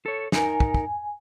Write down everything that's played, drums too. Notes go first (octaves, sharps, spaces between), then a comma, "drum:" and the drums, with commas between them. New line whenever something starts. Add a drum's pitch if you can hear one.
A4 C#5
D#4 A#4 G#5, drum: snare
drum: kick
drum: kick